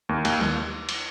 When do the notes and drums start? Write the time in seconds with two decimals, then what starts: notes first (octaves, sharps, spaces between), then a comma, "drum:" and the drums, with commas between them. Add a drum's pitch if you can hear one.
0.09 D#2
0.25 D#2, drum: cymbal
0.41 drum: snare
0.89 drum: cymbal